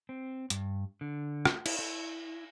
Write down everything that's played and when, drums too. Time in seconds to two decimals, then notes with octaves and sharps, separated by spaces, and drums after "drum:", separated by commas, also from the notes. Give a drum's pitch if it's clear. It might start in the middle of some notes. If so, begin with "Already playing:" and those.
0.09 C4
0.50 G2, drum: hi-hat
1.01 D3
1.45 drum: rim click
1.66 E4, drum: cymbal
1.79 E4